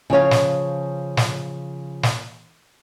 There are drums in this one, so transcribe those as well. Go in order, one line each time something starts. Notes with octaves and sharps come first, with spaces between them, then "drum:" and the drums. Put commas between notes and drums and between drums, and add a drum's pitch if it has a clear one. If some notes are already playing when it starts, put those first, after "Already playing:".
C#3 F3 C#5 F5
drum: snare
drum: snare
drum: snare